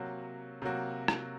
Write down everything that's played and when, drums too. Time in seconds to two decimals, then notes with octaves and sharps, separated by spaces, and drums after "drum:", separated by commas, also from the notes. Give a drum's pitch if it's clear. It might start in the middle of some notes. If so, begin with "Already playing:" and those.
Already playing: C3 F#3 A#3 F#4
0.62 C3 F#3 A#3 F#4
1.08 drum: rim click